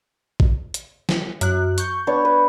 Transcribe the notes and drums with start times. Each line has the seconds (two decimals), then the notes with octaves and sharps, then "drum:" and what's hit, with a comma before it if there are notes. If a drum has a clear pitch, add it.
0.40 drum: kick A1
0.74 drum: hi-hat
1.09 drum: snare
1.41 F#2 F#6, drum: hi-hat
1.78 C#6 G6, drum: hi-hat
2.07 B3 D4 C#5
2.25 B4